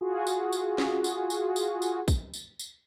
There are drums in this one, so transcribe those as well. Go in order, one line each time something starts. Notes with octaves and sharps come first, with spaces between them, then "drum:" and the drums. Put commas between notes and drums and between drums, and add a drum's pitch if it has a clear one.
F4 F#4 G#4
drum: tambourine
drum: tambourine
drum: snare
drum: tambourine
drum: tambourine
drum: tambourine
drum: tambourine
drum: kick, tambourine
drum: tambourine
drum: tambourine